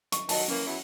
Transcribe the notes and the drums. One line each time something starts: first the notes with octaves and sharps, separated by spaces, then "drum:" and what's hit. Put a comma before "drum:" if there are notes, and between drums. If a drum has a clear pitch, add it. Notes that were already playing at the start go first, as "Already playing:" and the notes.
C#6, drum: hi-hat
D#3 F#3 D#5 A5, drum: open hi-hat
E3 A#3 C#4
E2 F#3 E4